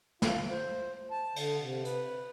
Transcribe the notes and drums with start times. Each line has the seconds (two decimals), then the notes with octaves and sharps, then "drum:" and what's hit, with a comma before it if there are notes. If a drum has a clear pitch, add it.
0.22 F4, drum: snare
0.50 C5
1.11 A5
1.36 D3, drum: cymbal
1.61 C3
1.85 B4, drum: hi-hat